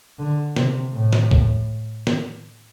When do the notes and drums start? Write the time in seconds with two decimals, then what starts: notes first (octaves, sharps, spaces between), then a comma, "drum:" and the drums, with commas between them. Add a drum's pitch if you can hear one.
0.19 D3
0.56 C3, drum: snare
0.93 A2
1.13 drum: snare
1.31 drum: kick
2.07 drum: snare